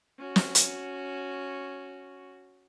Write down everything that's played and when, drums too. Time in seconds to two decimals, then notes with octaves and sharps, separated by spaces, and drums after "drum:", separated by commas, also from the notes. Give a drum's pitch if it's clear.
0.19 C#4 F#4
0.36 drum: snare
0.55 drum: hi-hat